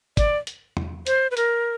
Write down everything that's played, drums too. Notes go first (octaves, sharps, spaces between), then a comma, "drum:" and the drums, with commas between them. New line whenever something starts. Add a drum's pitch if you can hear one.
D5, drum: kick G1, hi-hat
drum: hi-hat
drum: tom E2
C5, drum: hi-hat
B4
A#4, drum: hi-hat